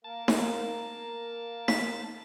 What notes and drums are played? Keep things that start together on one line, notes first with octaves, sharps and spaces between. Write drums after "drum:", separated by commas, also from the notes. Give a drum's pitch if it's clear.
A#3 A#4 A5
drum: snare D#4
B6, drum: snare D#4